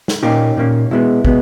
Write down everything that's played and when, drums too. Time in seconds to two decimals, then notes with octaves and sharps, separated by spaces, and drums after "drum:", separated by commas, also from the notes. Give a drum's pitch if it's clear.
0.08 drum: snare
0.23 A#2 A#3 C#4 D#4 G4
0.57 A#2 A#3 C#4
0.91 B2 G#3 B3 E4
1.25 B2 G#3 B3, drum: kick